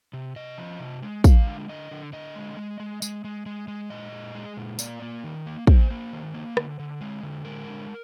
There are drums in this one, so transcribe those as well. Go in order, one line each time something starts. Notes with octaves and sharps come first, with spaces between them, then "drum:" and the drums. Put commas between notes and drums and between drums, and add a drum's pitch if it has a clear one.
C3
C3 D#5
F3
C3
G#3
G#3 F5, drum: kick, tambourine
D3
D3 D#5
D3
D3 D#5
G#3
G#3
G#3
G#3, drum: tambourine
G#3
G#3
G#3
A#2 D#5
G#3
G#3
A#2
A#3 D5, drum: tambourine
A#3
D#3
A#3
A#3 C5, drum: kick
A#3
D#3
A#3
D3, drum: rim click
D3
G#3
D3
G#3 A#4
D3